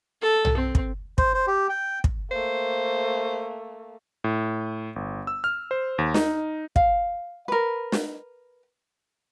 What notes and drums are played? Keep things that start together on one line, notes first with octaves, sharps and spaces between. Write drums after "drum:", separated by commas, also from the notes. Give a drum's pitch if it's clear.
A4
drum: tom B1
C4
drum: kick
C5, drum: kick
C5
G4
G5
drum: kick
A3 A#3 C5
A2
G1
E6
F6
C5
D#2
D#4, drum: snare
F5, drum: kick
A#4 B4
drum: snare